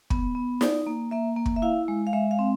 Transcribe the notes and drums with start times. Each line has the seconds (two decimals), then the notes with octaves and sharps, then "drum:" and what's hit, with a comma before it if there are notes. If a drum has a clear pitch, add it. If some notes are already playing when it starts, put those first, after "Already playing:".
0.10 B3, drum: kick
0.35 B3
0.61 D#4 D5, drum: snare
0.87 A#3
1.11 A#3 E5
1.37 A#3
1.46 drum: kick
1.56 E5
1.62 E4 F5
1.88 G#3
2.07 F5
2.13 G#3 E5
2.31 F5
2.39 C4